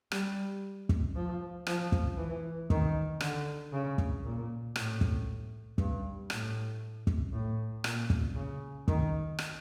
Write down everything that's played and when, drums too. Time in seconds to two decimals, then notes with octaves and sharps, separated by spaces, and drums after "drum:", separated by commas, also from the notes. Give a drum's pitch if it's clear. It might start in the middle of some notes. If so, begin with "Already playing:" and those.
0.11 G3, drum: rim click
0.89 drum: kick
1.15 F3
1.67 F3, drum: rim click
1.92 drum: kick
2.17 E3
2.70 D#3, drum: kick
3.20 D3, drum: rim click
3.72 C#3
3.98 drum: kick
4.24 A#2
4.76 A2, drum: rim click
5.01 drum: kick
5.78 G2, drum: kick
6.30 A2, drum: rim click
7.07 drum: kick
7.33 A2
7.84 A#2, drum: rim click
8.10 drum: kick
8.35 C#3
8.88 D#3, drum: kick
9.39 drum: rim click